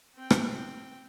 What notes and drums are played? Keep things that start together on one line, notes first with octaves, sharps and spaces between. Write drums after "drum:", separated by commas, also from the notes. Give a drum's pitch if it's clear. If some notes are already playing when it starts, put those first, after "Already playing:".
C4 G5
drum: rim click